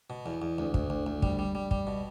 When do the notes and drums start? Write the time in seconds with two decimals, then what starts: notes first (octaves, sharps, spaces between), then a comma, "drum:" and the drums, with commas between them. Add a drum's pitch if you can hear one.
0.10 B2
0.26 E2
0.42 E2
0.58 D2
0.74 D2, drum: kick
0.90 D2
1.06 D2
1.22 G3, drum: kick
1.39 G3
1.55 G3
1.71 G3, drum: kick
1.87 B2